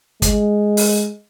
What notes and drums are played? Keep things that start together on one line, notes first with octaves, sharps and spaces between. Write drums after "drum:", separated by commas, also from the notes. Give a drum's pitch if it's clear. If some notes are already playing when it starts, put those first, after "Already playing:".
G#3, drum: kick, hi-hat
drum: open hi-hat